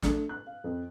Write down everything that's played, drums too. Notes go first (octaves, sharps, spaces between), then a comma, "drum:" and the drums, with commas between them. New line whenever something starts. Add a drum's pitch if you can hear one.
A3 D4 A4, drum: snare
F#6
F5
F2